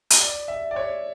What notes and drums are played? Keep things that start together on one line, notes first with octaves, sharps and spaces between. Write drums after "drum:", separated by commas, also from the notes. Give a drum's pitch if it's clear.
drum: hi-hat
D5
E5
D5
C#5